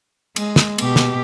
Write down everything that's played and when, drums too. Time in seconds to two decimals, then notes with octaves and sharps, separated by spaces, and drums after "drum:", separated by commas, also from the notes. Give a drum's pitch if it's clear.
0.36 G#3, drum: cymbal
0.56 drum: snare
0.78 B2 G4, drum: cymbal
0.96 drum: snare